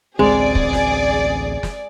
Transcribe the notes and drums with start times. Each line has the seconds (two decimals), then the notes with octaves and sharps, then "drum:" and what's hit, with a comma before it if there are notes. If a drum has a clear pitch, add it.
0.19 A1 D2 G#3 C4 G#4 D5
0.55 drum: kick
0.73 drum: snare
1.63 drum: snare